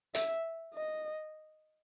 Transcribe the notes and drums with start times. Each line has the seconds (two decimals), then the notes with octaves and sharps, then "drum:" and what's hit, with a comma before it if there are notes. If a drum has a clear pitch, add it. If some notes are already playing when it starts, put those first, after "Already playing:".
0.15 E5, drum: hi-hat
0.74 D#5